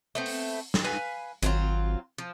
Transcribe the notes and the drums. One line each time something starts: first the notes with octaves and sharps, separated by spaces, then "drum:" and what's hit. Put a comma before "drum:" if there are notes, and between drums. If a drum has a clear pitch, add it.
A3 B3 C4
drum: open hi-hat
drum: snare
B4 F5 G#5
G#1 F#3 C4 F4, drum: hi-hat
F3